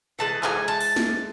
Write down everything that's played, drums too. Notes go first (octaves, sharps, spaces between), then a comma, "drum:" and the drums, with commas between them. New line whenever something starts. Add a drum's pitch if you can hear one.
E3 G#3 A5
G#5, drum: clap
A5
drum: open hi-hat
drum: snare